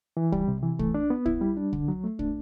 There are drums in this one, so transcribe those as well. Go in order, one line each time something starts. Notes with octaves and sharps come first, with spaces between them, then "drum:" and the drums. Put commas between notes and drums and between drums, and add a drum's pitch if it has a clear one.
E3
G3, drum: kick
C3
E3
A3, drum: kick
D4
B3
E4, drum: kick
G3
D4
D3, drum: kick
F#3
A3
D4, drum: kick